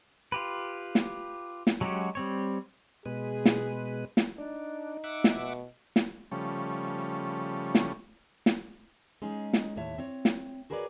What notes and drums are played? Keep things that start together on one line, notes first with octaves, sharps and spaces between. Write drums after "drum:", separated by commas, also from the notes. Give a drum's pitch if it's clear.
F4 G4 B4
drum: snare
drum: snare
F#3 G#3 C#4 F#4 G4
G3 C4 C#5
B2 G#3 G#4 B4
drum: snare
drum: snare
D4 D#4
E5 F#5 D6
drum: snare
B2
drum: snare
C#3 F3 G3 A3 C#4
drum: snare
drum: snare
G#3 C#4 D#4 G#4
drum: snare
D#2 A2 C#5 E5 A5
C4 C#5
drum: snare
F#4 G#4 A#4 B4 C#5 D5